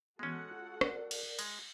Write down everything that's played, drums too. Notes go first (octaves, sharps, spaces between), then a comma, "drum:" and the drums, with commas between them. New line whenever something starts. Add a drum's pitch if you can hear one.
E3 G#3 B3 C#4 F#4 A4 F#5
F4
A#4 D5, drum: rim click
drum: cymbal
G#3, drum: cymbal